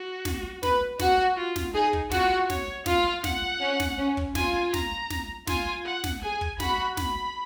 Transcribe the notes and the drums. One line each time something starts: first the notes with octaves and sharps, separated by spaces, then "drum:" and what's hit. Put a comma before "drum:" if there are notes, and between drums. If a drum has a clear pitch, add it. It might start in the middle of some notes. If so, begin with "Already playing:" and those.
Already playing: F#4
drum: snare
B4, drum: snare
F#4, drum: snare
F4
drum: snare
D#4 G#4
drum: kick
F4 F#4, drum: snare
C#5, drum: snare
F4 F5, drum: snare
F#5, drum: snare
C#4
drum: snare
C#4
drum: kick
F4 G#5, drum: snare
A#5, drum: snare
drum: snare
F4 G#5, drum: snare
F#5
drum: snare
G#4 G#5
drum: kick
F#4 B5, drum: snare
B5, drum: snare